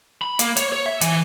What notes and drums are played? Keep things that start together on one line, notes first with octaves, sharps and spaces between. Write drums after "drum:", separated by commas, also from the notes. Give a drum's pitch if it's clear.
B5
A#3, drum: hi-hat
C#5, drum: hi-hat
C#5
E5
E3, drum: hi-hat